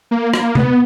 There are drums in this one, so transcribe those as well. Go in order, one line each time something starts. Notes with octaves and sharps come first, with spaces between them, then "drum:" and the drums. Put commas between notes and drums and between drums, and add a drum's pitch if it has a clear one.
A#3
A#3, drum: rim click
B3, drum: tom C3